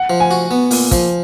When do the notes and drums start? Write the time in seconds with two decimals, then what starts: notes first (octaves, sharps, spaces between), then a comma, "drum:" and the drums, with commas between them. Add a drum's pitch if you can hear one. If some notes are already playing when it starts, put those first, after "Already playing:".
Already playing: F#5
0.10 F3
0.20 G#5
0.31 F#4
0.51 B3
0.71 A#2, drum: open hi-hat
0.91 F3, drum: kick, hi-hat